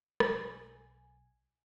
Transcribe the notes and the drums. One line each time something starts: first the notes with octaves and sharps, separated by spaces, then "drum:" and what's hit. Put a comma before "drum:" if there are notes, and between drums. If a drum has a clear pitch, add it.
B1 G#5, drum: rim click